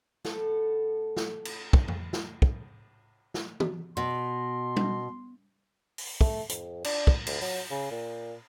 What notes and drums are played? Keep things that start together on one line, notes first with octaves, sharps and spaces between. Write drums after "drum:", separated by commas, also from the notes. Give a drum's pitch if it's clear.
A2 A4 F#5, drum: snare
drum: snare
drum: cymbal
drum: kick
drum: tom F2
drum: snare
drum: kick
drum: snare
drum: tom
B2 C6
drum: tom G3
drum: open hi-hat
A3, drum: kick
F2, drum: hi-hat
D4, drum: cymbal
drum: kick
D2, drum: cymbal
F#3, drum: open hi-hat
C#3
A#2